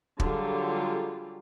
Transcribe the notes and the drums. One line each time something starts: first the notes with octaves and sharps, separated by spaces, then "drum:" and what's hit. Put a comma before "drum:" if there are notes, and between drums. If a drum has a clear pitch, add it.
D3 F#3 G3 F4 G4 G#4, drum: kick